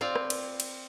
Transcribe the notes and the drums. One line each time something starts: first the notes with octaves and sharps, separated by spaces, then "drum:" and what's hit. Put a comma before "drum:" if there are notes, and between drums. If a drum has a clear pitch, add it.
C4 F4 D5
drum: rim click
drum: cymbal
drum: cymbal